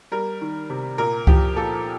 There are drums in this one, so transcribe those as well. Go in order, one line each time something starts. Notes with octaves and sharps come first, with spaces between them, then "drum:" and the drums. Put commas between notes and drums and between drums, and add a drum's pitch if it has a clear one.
G3 A#4
D#3
C3
A#2 A#4
F3 G4, drum: kick C#2
A#2 A4